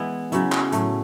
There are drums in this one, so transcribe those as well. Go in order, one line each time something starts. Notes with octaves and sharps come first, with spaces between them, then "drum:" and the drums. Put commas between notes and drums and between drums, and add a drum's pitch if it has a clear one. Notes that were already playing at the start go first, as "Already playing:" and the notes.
Already playing: E3 G#3 B3 E4
C#3 F#3 C#4 E4, drum: hi-hat
drum: clap
A2 F#3 A3, drum: hi-hat